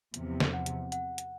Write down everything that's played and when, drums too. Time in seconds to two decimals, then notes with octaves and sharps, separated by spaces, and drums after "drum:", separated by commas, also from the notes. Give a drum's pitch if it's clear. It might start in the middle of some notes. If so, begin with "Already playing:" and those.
0.14 E2 C3 F3, drum: hi-hat
0.40 drum: snare
0.54 F#5
0.66 drum: hi-hat
0.92 F#5, drum: hi-hat
1.18 drum: hi-hat